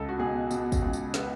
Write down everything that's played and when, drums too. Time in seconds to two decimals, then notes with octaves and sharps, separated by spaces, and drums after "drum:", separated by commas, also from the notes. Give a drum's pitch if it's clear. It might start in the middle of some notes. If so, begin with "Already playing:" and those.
Already playing: C#2 A4
0.09 F#4
0.18 B2 G#4
0.51 B2 F#4, drum: tambourine
0.72 drum: kick, tambourine
0.82 C#2
0.93 drum: tambourine
1.14 B3, drum: snare